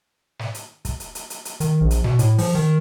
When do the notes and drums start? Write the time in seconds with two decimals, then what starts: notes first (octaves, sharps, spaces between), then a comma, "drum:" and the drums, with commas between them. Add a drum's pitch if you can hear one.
0.39 drum: snare
0.54 drum: hi-hat
0.85 drum: kick, hi-hat
1.00 drum: hi-hat
1.15 drum: hi-hat
1.30 drum: hi-hat
1.45 drum: hi-hat
1.60 D#3, drum: hi-hat
1.81 A#1
1.91 drum: hi-hat
2.04 B2, drum: snare
2.19 A2, drum: hi-hat
2.38 F3, drum: open hi-hat
2.55 D#3